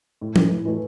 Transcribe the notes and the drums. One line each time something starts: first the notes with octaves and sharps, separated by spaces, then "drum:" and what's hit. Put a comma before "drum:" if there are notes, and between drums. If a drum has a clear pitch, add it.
A2
E3 A3, drum: tom
A2
E3 A3